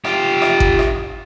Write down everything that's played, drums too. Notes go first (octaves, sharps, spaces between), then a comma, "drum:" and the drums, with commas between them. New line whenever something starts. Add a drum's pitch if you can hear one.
F4 G4, drum: rim click
drum: rim click
drum: kick G#1
drum: rim click